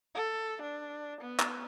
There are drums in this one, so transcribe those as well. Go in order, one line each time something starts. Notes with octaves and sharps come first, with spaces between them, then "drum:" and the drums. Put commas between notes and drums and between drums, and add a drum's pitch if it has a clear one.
A4
D4
B3
drum: clap